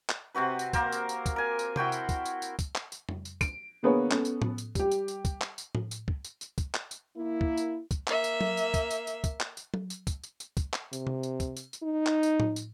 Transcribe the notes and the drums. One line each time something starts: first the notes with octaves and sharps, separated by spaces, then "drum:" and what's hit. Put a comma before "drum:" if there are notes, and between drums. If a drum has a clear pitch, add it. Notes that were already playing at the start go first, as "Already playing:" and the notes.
drum: clap
C3 C4 F#4 B4
drum: tambourine
A#3 A#4 C5, drum: kick, tambourine
drum: tambourine
drum: tambourine
drum: kick, tambourine
A#4 G#5
drum: tambourine
E4 F#4 G5 C6, drum: tom C3
drum: tambourine
drum: kick, tambourine
drum: tambourine
drum: tambourine
drum: kick, tambourine
drum: clap
drum: tambourine
drum: tom F2
drum: tambourine
D7, drum: kick, tambourine
D3 A#3 B3 G#4 B4 C#5
B3 C#4 A4, drum: clap
drum: tambourine
drum: tom A2
drum: tambourine
G3 G4, drum: kick, tambourine
drum: tambourine
drum: tambourine
drum: kick, tambourine
drum: clap
drum: tambourine
drum: tom A2
drum: tambourine
drum: kick
drum: tambourine
drum: tambourine
drum: kick, tambourine
drum: clap
drum: tambourine
A#3 E4
drum: kick
drum: tambourine
drum: kick, tambourine
A#3 E5, drum: clap
drum: tambourine
drum: tom F#3
drum: tambourine
drum: kick, tambourine
drum: tambourine
drum: tambourine
drum: kick, tambourine
drum: clap
drum: tambourine
drum: tom F#3
drum: tambourine
drum: kick, tambourine
drum: tambourine
drum: tambourine
drum: kick, tambourine
drum: clap
C3, drum: tambourine
drum: tom C3
drum: tambourine
drum: kick, tambourine
drum: tambourine
drum: tambourine
D#4
drum: clap
drum: tambourine
drum: tom A2
drum: tambourine